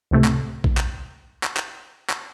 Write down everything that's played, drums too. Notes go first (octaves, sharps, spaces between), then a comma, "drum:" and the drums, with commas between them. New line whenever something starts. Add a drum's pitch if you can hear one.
C#2 A2 C3 A3
drum: clap
drum: kick A#1
drum: clap
drum: clap
drum: clap
drum: clap